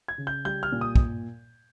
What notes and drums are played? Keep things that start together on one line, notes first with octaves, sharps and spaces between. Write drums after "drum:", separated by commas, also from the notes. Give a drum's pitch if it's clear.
G#6
C#3
G6
G3 G6
F6
A#2
D#6
drum: kick